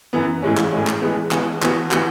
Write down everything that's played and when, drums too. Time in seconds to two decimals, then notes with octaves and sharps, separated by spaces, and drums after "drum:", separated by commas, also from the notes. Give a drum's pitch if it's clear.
0.13 F#2 E3 B3
0.42 A2 E3 G#3 C#4
0.57 drum: clap
0.72 A2 E3 G#3 C#4
0.87 drum: clap
1.01 E3 G#3 B3
1.31 E3 G#3 B3, drum: clap
1.62 E3 B3 F#4, drum: clap
1.91 E3 B3 F#4, drum: clap